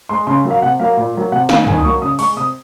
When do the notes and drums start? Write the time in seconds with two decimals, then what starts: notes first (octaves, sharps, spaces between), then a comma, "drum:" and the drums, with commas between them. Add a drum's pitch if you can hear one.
0.09 G#3 C6
0.27 C#3 C6
0.45 F#3 A#3
0.51 F5
0.62 C3 F#5
0.80 F#3 A#3 F5
0.97 A#2
1.15 F#3 A#3
1.32 C3 F#5
1.49 D#3 G#3 F5, drum: snare
1.67 D#3 G#5, drum: tom
1.78 D#6
1.84 F#3 A#3 C#6
2.01 C#3 D#6
2.19 G#3 C#6, drum: open hi-hat
2.36 C3 D#6